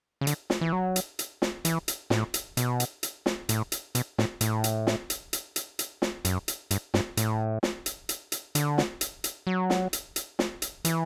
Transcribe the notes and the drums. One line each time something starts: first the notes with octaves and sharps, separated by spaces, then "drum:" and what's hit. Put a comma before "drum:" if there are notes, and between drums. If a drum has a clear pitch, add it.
C#3
D3, drum: hi-hat
drum: snare
E3
F#3
drum: hi-hat
drum: hi-hat
drum: snare
E3, drum: hi-hat
drum: hi-hat
A2, drum: snare
drum: hi-hat
B2, drum: hi-hat
drum: hi-hat
drum: hi-hat
drum: snare
A2, drum: hi-hat
drum: hi-hat
B2, drum: hi-hat
A2, drum: snare
A2, drum: hi-hat
drum: hi-hat
drum: snare
drum: hi-hat
drum: hi-hat
drum: hi-hat
drum: hi-hat
drum: snare
F#2, drum: hi-hat
drum: hi-hat
G2, drum: hi-hat
G2, drum: snare
A2, drum: hi-hat
drum: snare
drum: hi-hat
drum: hi-hat
drum: hi-hat
D3, drum: hi-hat
drum: snare
drum: hi-hat
drum: hi-hat
F#3
drum: snare
drum: hi-hat
drum: hi-hat
drum: snare
drum: hi-hat
E3, drum: hi-hat